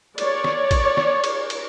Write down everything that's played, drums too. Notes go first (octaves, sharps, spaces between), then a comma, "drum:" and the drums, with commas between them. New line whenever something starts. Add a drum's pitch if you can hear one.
C#5 D5, drum: cymbal
drum: snare
drum: kick, cymbal
drum: snare
drum: cymbal
drum: cymbal